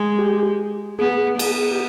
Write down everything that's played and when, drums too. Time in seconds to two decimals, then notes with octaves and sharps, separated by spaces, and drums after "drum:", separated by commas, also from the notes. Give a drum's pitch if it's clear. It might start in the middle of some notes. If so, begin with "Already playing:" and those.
Already playing: G#3
0.18 G4
0.99 B3 G#4
1.39 B3 G#4, drum: cymbal
1.71 G4